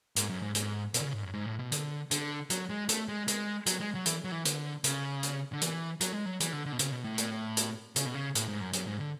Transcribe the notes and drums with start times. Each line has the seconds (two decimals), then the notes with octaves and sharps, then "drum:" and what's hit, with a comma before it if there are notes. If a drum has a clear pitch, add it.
0.16 G#2, drum: hi-hat
0.30 F#2
0.42 G#2
0.55 G#2, drum: hi-hat
0.94 B2, drum: hi-hat
1.00 D3
1.04 C#3
1.13 G#2
1.23 F#2
1.34 G#2
1.46 A2
1.59 B2
1.72 D3, drum: hi-hat
2.11 D3, drum: hi-hat
2.50 F#3, drum: hi-hat
2.70 G#3
2.89 A3, drum: hi-hat
3.09 G#3
3.28 G#3, drum: hi-hat
3.66 F#3, drum: hi-hat
3.80 G#3
3.95 F#3
4.06 E3, drum: hi-hat
4.24 F#3
4.32 E3
4.45 D3, drum: hi-hat
4.84 C#3, drum: hi-hat
5.23 drum: hi-hat
5.53 D3
5.62 E3, drum: hi-hat
6.01 F#3, drum: hi-hat
6.12 G#3
6.25 F#3
6.40 E3, drum: hi-hat
6.53 D3
6.66 D3
6.72 B2
6.79 C#3, drum: hi-hat
6.92 B2
7.04 A2
7.18 drum: hi-hat
7.57 drum: hi-hat
7.96 C#3, drum: hi-hat
8.06 B2
8.14 C#3
8.35 A2, drum: hi-hat
8.48 G#2
8.61 F#2
8.73 F#2, drum: hi-hat
8.87 G#2
9.00 D3